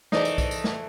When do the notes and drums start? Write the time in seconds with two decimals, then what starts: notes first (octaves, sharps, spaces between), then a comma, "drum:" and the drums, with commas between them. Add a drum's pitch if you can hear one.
0.12 E3 A3 D#4 G#4 C5 D5, drum: snare
0.25 drum: tambourine
0.38 drum: kick B1, tambourine
0.51 drum: tambourine
0.64 drum: snare